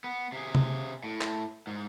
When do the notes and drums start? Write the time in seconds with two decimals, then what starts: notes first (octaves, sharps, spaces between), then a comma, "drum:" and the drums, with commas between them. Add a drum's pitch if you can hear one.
0.04 B3
0.33 C3 G#4
0.55 drum: tom C3
1.04 A2
1.21 drum: clap
1.67 G#2